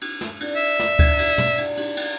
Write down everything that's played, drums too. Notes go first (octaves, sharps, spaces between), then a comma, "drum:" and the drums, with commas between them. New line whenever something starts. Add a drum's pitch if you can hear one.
drum: cymbal
drum: snare
D5, drum: cymbal
E5
drum: snare
drum: kick D2, cymbal
drum: cymbal
drum: tom
drum: cymbal
drum: cymbal
drum: cymbal